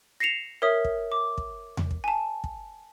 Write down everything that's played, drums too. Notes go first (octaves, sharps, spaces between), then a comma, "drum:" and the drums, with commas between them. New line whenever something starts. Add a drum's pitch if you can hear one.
A#6 C7 C#7 E7 F7
A#4 C#5 E5 D#6
drum: kick
D6
drum: kick
drum: tom E2
drum: kick
G#5 A5
drum: kick